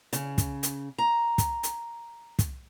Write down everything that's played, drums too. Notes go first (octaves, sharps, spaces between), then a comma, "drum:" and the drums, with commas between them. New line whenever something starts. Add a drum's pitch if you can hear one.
C#3, drum: hi-hat
drum: kick, hi-hat
drum: hi-hat
A#5
drum: kick, hi-hat
drum: hi-hat
drum: kick, hi-hat